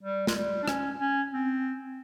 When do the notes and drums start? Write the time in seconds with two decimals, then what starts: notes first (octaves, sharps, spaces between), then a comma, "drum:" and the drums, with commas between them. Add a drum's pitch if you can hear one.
0.03 G3
0.27 G#3, drum: snare
0.35 G3
0.63 D4
0.68 C#4, drum: rim click
0.99 C#4
1.33 C4